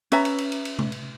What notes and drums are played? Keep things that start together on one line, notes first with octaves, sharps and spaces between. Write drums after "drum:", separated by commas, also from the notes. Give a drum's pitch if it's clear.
C#4 B4 E5 A#5, drum: cymbal
drum: cymbal
drum: cymbal
drum: cymbal
drum: cymbal
drum: tom C3
drum: cymbal